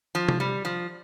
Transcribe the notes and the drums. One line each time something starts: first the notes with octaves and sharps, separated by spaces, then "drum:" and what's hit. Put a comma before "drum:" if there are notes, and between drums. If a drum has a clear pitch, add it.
F3
drum: tom C3
G3
F3